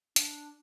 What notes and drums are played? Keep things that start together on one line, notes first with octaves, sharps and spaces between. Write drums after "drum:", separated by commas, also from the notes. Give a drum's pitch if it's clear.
D4, drum: hi-hat